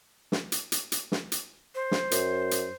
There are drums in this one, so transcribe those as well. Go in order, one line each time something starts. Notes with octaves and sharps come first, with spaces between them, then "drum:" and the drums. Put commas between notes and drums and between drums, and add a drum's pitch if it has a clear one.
drum: snare
drum: hi-hat
drum: hi-hat
drum: hi-hat
drum: snare
drum: hi-hat
C5
drum: snare
F#2, drum: hi-hat
drum: hi-hat